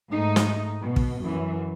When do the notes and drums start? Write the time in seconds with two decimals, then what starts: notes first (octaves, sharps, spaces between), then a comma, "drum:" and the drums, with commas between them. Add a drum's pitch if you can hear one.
0.11 G#2 A3 D#4
0.36 drum: snare
0.81 B2
0.96 drum: kick
1.22 F#2 E3